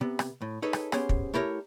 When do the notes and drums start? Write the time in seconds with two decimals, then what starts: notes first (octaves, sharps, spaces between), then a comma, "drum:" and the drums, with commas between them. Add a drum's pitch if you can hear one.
0.01 C3 B3
0.19 drum: rim click
0.42 A2
0.62 D#4 G#4 A4 B4 C#5
0.73 drum: rim click
0.92 B3 C#4 G4 G#4 C5, drum: rim click
1.09 drum: kick
1.34 A3 E4 G4 A#4 C#5